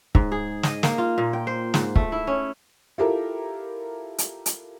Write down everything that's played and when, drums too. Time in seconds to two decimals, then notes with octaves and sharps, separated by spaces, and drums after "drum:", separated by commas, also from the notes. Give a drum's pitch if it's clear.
0.15 G#2, drum: kick
0.32 G#4
0.63 D#5, drum: snare
0.83 A#3, drum: snare
0.98 F4
1.18 A#2
1.33 G5
1.47 C5
1.74 G#2, drum: snare
1.96 A3, drum: kick
2.12 E4
2.27 C#4
2.98 E4 F4 G4 A4 A#4
4.18 drum: hi-hat
4.46 drum: hi-hat